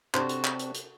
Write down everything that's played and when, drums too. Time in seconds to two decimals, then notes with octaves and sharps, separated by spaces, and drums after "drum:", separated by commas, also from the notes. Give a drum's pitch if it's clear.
0.14 C3 C4 D4 F#4 A4 C5, drum: clap
0.29 drum: hi-hat
0.44 drum: clap
0.59 drum: hi-hat
0.75 drum: hi-hat